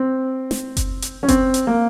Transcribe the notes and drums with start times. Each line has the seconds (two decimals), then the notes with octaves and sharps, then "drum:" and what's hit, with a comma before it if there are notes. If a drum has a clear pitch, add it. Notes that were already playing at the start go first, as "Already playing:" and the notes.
Already playing: C4
0.51 drum: snare
0.77 drum: kick F#1, hi-hat
1.02 drum: hi-hat
1.23 C#4
1.28 C4, drum: kick F#1, hi-hat
1.54 drum: hi-hat
1.67 A#3